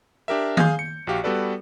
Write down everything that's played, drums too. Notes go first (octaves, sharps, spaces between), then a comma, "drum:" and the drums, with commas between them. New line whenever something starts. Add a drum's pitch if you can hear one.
D4 G4 A#4 E5
G#4 F5 G#5 G6, drum: tom D#3
C#7
A#1 F#4 G4 F5
G3 B3 F#4 A4 B4 D5